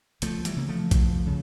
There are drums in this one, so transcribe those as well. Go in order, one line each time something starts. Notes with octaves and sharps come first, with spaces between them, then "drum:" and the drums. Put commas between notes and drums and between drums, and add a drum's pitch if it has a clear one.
C#2 F3 A3, drum: hi-hat
E3 G3, drum: hi-hat
C#3 A#3
F3 A3
C#2, drum: kick A#1, hi-hat
C#3